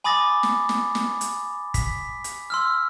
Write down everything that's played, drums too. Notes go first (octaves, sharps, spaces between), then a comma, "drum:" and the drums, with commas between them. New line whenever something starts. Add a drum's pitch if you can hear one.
G#5 B5 D6 D#6 A6 A#6
drum: snare
drum: snare
drum: snare
drum: hi-hat
B6, drum: kick, hi-hat
drum: hi-hat
C6 E6 F6